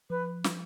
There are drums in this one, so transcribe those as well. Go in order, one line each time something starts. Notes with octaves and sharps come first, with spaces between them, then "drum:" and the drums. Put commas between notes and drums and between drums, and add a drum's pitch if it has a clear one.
F3 B4
drum: snare